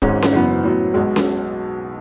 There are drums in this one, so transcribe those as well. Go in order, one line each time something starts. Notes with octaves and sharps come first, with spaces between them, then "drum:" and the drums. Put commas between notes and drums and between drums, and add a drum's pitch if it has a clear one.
G#1 G#2 G#3 C#4, drum: kick
drum: snare C#4
F#1 F#2 E3 B3
A2 F#3 B3
B1 B2 G#3
drum: snare C#4